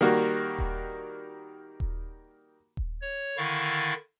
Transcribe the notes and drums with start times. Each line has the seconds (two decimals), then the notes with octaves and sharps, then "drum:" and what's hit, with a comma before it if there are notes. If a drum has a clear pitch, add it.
0.01 D#3 G3 A#3 F#4
0.59 drum: kick D#1
1.80 drum: kick D#1
2.77 drum: kick D#1
3.01 C#5
3.37 D3 D#3 E4 F5 C#6 A6